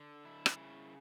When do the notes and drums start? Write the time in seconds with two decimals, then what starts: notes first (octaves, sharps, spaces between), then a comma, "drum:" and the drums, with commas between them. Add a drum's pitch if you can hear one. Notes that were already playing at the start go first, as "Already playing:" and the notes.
Already playing: D3
0.25 E4
0.46 drum: rim click
0.56 C#3